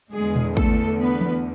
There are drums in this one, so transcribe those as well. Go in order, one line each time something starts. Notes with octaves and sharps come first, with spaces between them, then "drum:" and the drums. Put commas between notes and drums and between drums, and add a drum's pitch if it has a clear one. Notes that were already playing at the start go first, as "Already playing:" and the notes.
E2 D3 G#3 G#4
drum: tom A#2
A3 A4, drum: kick
B3 B4
drum: tom E3